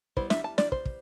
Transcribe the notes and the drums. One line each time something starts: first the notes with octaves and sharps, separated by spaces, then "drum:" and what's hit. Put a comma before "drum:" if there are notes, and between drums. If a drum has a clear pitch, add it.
G3 B3 E4 C5, drum: kick
E5, drum: snare
A5
D5, drum: snare
C5, drum: kick
drum: kick